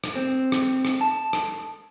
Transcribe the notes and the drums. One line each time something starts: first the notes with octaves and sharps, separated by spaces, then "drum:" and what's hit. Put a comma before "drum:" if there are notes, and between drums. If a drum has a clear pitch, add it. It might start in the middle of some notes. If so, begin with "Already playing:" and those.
drum: rim click
C4
drum: rim click
drum: rim click
A5
drum: rim click